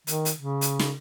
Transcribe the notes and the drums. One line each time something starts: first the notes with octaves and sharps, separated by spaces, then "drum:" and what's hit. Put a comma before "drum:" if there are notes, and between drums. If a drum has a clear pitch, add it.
D#3, drum: hi-hat
drum: hi-hat
C#3
drum: hi-hat
drum: snare